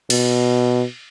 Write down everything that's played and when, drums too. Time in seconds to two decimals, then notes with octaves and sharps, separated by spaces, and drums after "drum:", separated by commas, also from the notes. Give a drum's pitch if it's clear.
0.10 B2, drum: cymbal